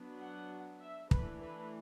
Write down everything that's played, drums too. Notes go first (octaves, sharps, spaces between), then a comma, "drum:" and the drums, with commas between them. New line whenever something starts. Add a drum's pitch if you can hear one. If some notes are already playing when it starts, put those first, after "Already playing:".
Already playing: F#3 B3 D4
F#5
E5
E3 A3 D4 B4, drum: kick
B4